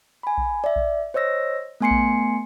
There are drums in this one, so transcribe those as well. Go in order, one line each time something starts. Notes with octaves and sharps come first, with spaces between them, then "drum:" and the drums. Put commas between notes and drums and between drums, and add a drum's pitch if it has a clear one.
G#5 B5
drum: kick A#1
D5 E5
drum: kick A#1
C5 C#5 D#5 E6 A#6
A3 B3 G#5 C6 C7 C#7
drum: kick A#1